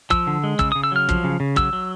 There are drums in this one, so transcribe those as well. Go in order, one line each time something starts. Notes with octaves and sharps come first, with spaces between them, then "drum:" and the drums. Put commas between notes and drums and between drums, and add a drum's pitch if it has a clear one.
F3 E6, drum: kick
D3
G#3
C#3 E6, drum: kick
D#6
C#3
E6
F#3 F6
F3, drum: kick
C#3
C#3
F#3 E6, drum: kick
F#3